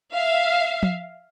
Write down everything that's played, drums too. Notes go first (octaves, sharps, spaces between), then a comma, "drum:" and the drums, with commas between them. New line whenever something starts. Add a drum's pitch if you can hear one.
E5 F5
drum: tom F3